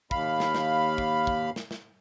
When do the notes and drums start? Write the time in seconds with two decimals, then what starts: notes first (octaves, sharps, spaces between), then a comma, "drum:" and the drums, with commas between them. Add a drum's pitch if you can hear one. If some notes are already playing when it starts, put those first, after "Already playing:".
0.11 D#2 F5 B5, drum: kick
0.40 drum: snare
0.55 drum: snare
0.98 drum: kick
1.27 drum: kick
1.56 drum: snare
1.71 drum: snare